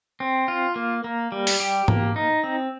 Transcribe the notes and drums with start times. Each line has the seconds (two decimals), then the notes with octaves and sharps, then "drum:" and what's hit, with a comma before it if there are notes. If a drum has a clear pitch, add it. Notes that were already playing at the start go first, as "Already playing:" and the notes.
0.20 C4
0.48 F4
0.76 A#3
1.04 A#3
1.32 G3
1.47 drum: open hi-hat
1.60 G4
1.88 A#3, drum: tom G#2
2.16 D#4
2.44 C4